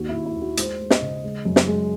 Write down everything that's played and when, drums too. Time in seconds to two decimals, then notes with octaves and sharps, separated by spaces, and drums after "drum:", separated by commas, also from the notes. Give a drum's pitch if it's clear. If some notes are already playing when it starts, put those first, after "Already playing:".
Already playing: D#2 F#4
0.09 E4
0.14 D#2
0.26 E4
0.36 D#2
0.41 F#4
0.57 G#3 C5, drum: hi-hat
0.80 G#3
0.90 D#5, drum: snare
1.02 C#3
1.24 G#3
1.45 F#2
1.56 drum: snare
1.67 G#3